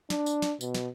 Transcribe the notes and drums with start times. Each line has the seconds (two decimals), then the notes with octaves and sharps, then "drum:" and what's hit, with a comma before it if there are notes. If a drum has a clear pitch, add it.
0.10 D4, drum: snare
0.26 drum: tambourine
0.42 drum: snare
0.61 B2, drum: tambourine
0.75 drum: snare